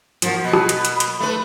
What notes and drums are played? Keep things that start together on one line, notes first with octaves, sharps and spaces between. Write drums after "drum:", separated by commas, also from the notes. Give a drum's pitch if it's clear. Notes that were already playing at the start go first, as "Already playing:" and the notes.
F3 F#3 A#3 F#4, drum: hi-hat
B2 B5
drum: rim click
drum: hi-hat
drum: hi-hat
drum: hi-hat
A3 B4